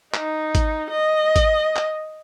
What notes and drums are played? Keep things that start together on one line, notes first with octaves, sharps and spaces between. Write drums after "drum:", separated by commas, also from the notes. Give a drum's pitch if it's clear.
D#4, drum: clap
drum: kick G#1, hi-hat
D#5
drum: kick G#1, hi-hat
drum: clap